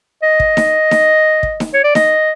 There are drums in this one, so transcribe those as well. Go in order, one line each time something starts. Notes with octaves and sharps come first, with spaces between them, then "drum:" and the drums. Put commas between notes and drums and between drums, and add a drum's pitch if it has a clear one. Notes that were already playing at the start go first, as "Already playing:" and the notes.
D#5
drum: kick
drum: snare D#4
drum: snare D#4
drum: kick
drum: snare D#4
C#5
D5
D#5, drum: snare D#4